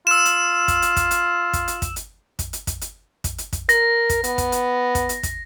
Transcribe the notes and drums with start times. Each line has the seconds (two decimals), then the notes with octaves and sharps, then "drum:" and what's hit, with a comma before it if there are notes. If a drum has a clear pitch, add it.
0.07 F4 E6 E7
0.25 drum: hi-hat
0.68 drum: kick, hi-hat
0.82 drum: hi-hat
0.96 drum: kick, hi-hat
1.11 drum: hi-hat
1.53 drum: kick, hi-hat
1.68 drum: hi-hat
1.82 drum: kick, hi-hat
1.96 drum: hi-hat
2.39 drum: kick, hi-hat
2.53 drum: hi-hat
2.67 drum: kick, hi-hat
2.81 drum: hi-hat
3.24 drum: kick, hi-hat
3.38 drum: hi-hat
3.53 drum: kick, hi-hat
3.69 A#4 A#6, drum: hi-hat
4.09 drum: kick, hi-hat
4.24 B3, drum: hi-hat
4.38 drum: kick, hi-hat
4.52 drum: hi-hat
4.95 drum: kick, hi-hat
5.09 drum: hi-hat
5.23 drum: kick, hi-hat